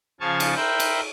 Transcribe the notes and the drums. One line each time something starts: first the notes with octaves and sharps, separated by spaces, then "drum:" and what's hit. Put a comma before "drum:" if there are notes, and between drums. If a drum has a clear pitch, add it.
C#3 F3 F5 G#5 A5 C#6
drum: cymbal
A#4 C5 E5 G5 B5
drum: cymbal